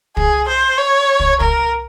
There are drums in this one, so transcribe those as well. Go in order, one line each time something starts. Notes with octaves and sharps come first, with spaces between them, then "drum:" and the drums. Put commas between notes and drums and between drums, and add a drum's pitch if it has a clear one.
G#4, drum: kick
C5
C#5
drum: kick
A#4, drum: kick